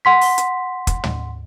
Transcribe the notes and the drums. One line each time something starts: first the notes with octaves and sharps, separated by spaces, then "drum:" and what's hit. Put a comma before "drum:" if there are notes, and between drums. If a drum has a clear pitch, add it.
F#5 C6 B6
drum: open hi-hat
drum: hi-hat
drum: kick, hi-hat
drum: tom